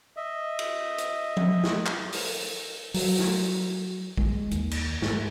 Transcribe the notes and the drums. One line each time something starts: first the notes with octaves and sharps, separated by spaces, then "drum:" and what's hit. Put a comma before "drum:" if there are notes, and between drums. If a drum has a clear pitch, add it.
D#5 E5
drum: cymbal
drum: hi-hat
drum: tom F3
drum: snare
drum: clap
drum: open hi-hat
F#3, drum: open hi-hat
drum: snare
G#3, drum: kick A#1
D#2, drum: hi-hat
drum: cymbal
G#2, drum: snare